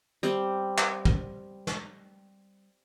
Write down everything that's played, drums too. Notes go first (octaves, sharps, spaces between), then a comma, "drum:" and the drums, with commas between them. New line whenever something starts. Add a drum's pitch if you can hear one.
G3 C4, drum: hi-hat
drum: clap
drum: kick
drum: snare